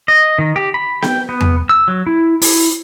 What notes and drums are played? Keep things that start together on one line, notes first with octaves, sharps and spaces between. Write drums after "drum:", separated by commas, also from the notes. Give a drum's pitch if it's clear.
D#5
D#3
G4
B5
G5, drum: snare B3
B3
drum: tom E2
E6
F#3
E4
E4, drum: open hi-hat